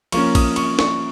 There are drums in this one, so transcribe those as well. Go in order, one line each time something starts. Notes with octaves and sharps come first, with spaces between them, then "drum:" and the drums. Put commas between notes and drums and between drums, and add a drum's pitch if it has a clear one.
F3 A#3 C#4 C#6, drum: cymbal
D#6, drum: kick A#1, cymbal
C#6, drum: cymbal
C#6, drum: snare